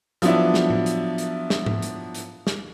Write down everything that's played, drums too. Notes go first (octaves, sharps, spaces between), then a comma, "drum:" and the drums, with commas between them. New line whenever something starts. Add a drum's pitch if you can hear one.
F3 F#3 B3 D4 E4, drum: hi-hat
drum: snare
drum: tom A2
drum: hi-hat
drum: hi-hat
drum: snare
drum: tom G#2
drum: hi-hat
drum: hi-hat
drum: snare